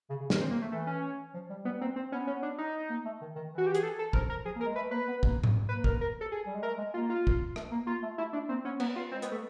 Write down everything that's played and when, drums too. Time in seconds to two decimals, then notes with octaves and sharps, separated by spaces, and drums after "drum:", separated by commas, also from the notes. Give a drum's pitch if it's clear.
0.10 C#3
0.20 C#3
0.30 D#3, drum: snare
0.41 C4
0.51 A#3
0.62 A3
0.72 E3 A3
0.87 C#4
1.34 F3
1.50 G3
1.65 G3 B3
1.81 A#3 C4
1.96 C4
2.12 B3 C#4
2.27 C#4
2.43 D4
2.58 D#4
2.90 A#3
3.05 A3
3.21 D#3
3.36 D#3
3.52 E3
3.58 F#4
3.66 G4
3.75 G#4, drum: hi-hat
3.83 A4
3.99 A4
4.13 F3 A#4, drum: kick
4.30 A#4
4.45 F3 G#4
4.56 A#3
4.61 A#4
4.66 G#3
4.76 A3 B4
4.91 A#3 B4
5.08 B3
5.23 A#3, drum: kick
5.44 drum: tom G#2
5.69 A#3 B4
5.84 A#4, drum: kick
6.01 A#4
6.21 A4
6.32 G#4
6.46 G3
6.55 G#3
6.63 A3 A#4
6.78 G#3
6.94 A#3 F4
7.10 F4
7.27 drum: kick
7.56 A3, drum: rim click
7.71 A#3
7.86 A#3 F4
8.03 A3
8.18 A3 E4
8.33 A3 D4
8.49 A#3 C4
8.65 B3 C#4
8.80 A#3 B3, drum: cymbal
8.96 F4
9.11 G#3 C4
9.22 B3, drum: hi-hat
9.32 A3